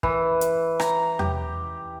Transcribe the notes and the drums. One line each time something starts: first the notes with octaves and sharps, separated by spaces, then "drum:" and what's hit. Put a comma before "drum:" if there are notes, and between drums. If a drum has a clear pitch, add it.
E3, drum: kick
drum: hi-hat
A#5, drum: rim click
G4, drum: tom E2